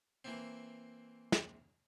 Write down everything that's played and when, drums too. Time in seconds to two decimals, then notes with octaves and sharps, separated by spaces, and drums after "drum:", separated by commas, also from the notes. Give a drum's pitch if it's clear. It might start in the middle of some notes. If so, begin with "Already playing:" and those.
0.25 E3 A#3 C4
1.32 drum: snare